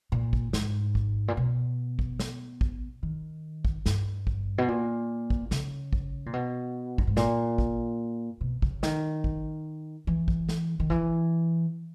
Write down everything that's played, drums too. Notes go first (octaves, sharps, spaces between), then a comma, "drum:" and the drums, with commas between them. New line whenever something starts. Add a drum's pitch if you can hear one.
A#2
drum: kick
G#2, drum: snare
drum: kick
A#2
B2
drum: kick
drum: snare
drum: kick
D#3
drum: kick
G2, drum: snare
drum: kick
B2
A#2
drum: kick
C#3, drum: snare
drum: kick
A#2
B2
G2, drum: kick
G#2
A#2, drum: snare
drum: kick
B2
C#3, drum: kick
D#3, drum: snare
drum: kick
E3
drum: kick
drum: snare
D#3
E3, drum: kick